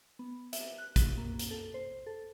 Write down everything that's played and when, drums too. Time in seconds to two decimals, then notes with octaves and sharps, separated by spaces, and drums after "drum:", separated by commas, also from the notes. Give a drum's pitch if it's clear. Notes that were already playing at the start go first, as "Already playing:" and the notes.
0.19 B3
0.53 E5, drum: hi-hat
0.78 F#6
0.96 drum: kick, hi-hat
1.18 A#3
1.39 drum: hi-hat
1.51 A4
1.74 C5
2.06 A4